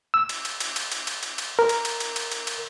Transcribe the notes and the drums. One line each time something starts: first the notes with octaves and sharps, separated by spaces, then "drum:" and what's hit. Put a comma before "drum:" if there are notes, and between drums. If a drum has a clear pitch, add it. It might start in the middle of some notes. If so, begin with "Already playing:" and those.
E6
drum: cymbal
drum: cymbal
drum: cymbal
drum: cymbal
drum: cymbal
drum: cymbal
drum: cymbal
drum: cymbal
A#4
drum: cymbal
drum: cymbal
drum: cymbal
drum: cymbal
drum: cymbal
drum: cymbal